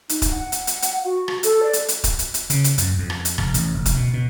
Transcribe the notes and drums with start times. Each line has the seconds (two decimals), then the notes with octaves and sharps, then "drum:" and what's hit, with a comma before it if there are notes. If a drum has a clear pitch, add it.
0.09 D#4, drum: hi-hat
0.22 drum: kick D#1, hi-hat
0.31 F#5
0.52 drum: hi-hat
0.67 drum: hi-hat
0.82 drum: hi-hat
1.05 F#4
1.28 drum: rim click
1.43 A4, drum: hi-hat
1.63 D5
1.73 drum: hi-hat
1.88 drum: hi-hat
2.04 drum: kick D#1, hi-hat
2.19 drum: hi-hat
2.34 drum: hi-hat
2.50 C#3, drum: hi-hat
2.64 drum: hi-hat
2.78 F#2, drum: hi-hat
2.98 F2
3.10 drum: rim click
3.25 drum: hi-hat
3.38 F1, drum: rim click
3.54 A1, drum: hi-hat
3.74 F1
3.86 drum: kick D#1, hi-hat
3.96 B2
4.14 B2